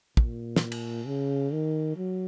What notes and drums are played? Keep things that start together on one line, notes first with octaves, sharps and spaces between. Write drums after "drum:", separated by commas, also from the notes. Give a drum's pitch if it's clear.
A#2, drum: kick
drum: snare
drum: cymbal
C#3
D#3
F#3